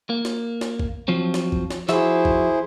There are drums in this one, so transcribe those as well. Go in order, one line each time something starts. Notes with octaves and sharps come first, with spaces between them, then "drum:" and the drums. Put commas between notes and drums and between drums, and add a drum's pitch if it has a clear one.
A#3
drum: snare
drum: snare
drum: kick
F3 F#3 C4
drum: snare
drum: kick
drum: snare
F3 E4 F#4 G#4 C5 E5, drum: snare
drum: kick